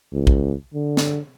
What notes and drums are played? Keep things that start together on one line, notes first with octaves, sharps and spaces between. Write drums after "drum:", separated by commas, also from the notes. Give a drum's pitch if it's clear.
C#2
drum: kick
D3
drum: snare